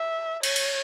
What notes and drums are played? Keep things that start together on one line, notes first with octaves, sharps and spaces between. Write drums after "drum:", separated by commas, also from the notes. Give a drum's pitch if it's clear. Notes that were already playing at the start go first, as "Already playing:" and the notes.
Already playing: E5
C#5, drum: cymbal
drum: cymbal